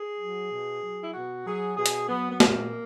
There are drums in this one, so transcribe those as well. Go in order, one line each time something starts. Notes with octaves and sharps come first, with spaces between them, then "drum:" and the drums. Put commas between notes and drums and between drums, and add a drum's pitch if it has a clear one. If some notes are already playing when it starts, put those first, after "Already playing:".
Already playing: G#4
F#3
B2
F#3
E4
B2 F#4
F#3 G#4
B2 G#4
drum: hi-hat
F#3 B3
B3
A#2 A#3, drum: snare